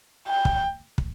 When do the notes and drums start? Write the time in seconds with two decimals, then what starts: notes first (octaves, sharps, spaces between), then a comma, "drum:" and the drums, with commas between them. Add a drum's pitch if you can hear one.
0.28 G5
0.45 drum: kick
0.98 drum: kick